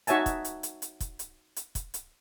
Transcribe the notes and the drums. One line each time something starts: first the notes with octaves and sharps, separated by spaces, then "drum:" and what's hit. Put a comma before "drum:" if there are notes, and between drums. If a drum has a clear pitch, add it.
D#4 F#4 C#5 E5 G#5 A5, drum: hi-hat
drum: kick, hi-hat
drum: hi-hat
drum: hi-hat
drum: hi-hat
drum: kick, hi-hat
drum: hi-hat
drum: hi-hat
drum: kick, hi-hat
drum: hi-hat